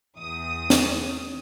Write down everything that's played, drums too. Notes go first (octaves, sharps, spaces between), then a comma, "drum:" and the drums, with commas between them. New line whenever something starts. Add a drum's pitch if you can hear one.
E2 D#6
drum: snare